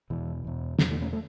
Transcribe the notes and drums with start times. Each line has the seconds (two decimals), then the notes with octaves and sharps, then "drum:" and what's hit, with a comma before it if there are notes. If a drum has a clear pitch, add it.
0.10 E2 B2 E3
0.44 E2 B2
0.79 E2 B2 F#3, drum: snare
0.91 E3 A3
1.01 A3 C#4
1.13 A3